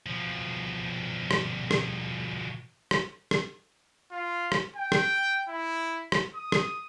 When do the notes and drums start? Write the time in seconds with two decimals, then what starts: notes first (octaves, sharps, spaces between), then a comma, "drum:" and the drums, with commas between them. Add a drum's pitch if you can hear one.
0.06 B2 F3
1.31 drum: rim click
1.71 drum: rim click
2.91 drum: rim click
3.31 drum: rim click
4.12 F4
4.52 drum: rim click
4.76 G5
4.92 drum: rim click
5.48 E4
6.12 drum: rim click
6.35 D#6
6.52 drum: rim click